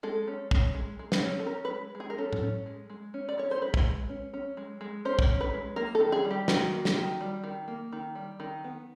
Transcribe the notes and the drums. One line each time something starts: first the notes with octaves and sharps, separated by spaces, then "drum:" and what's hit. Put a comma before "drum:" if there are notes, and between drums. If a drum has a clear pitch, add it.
G#3 A4
C#4
C#4, drum: kick
G#3
G#3
drum: snare
C#4
A4
C#4 A#4
B4
G#3
G#3
G#4
A#4
C#4 A4
drum: tom A2
C#4
G#3
G#3
C#4
D5
C#4 C#5
C5
G#3 B4
drum: kick
G#3
C#4
C#4
G#3
G#3
C#4 C5
drum: kick
C#4
B4
G#3
A#3 A#4
A4
D#3
G#4
G3
G4
D#3 F#4, drum: snare
A#3
drum: snare
D#3
G3
D#3
A#3
D#3
G3
D#3
B3